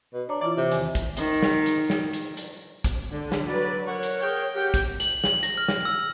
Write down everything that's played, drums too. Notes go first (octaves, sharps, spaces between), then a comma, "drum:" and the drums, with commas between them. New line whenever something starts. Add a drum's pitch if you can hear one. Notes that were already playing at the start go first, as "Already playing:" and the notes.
B2
D4 C#5 A#5 D6
E3 E4 F4 D5
C3
E2 D#3 G#5, drum: hi-hat
drum: kick, hi-hat
D#3, drum: hi-hat
drum: snare
drum: hi-hat
drum: snare
drum: hi-hat
drum: hi-hat
drum: kick, hi-hat
D3
drum: snare
F#3 B4 D5
A#4 C#5 F#5 C#6
drum: hi-hat
G#4 A#4 G5
G4 A#4 F#5 G5
drum: kick, hi-hat
F#7, drum: hi-hat
F#7, drum: snare
A#6, drum: hi-hat
F6
drum: snare
E6